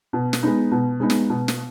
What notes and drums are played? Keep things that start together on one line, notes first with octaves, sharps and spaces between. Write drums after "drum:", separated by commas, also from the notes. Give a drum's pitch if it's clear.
B2
drum: snare
G#3 B3 D#4
B2
G#3 B3 D#4
drum: snare
B2
drum: snare